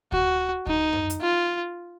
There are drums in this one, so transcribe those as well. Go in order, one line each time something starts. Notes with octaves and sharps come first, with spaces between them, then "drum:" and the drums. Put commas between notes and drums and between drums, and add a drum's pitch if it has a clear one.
F#4, drum: kick D2
D#4, drum: kick D2
drum: tom F#2
drum: hi-hat
F4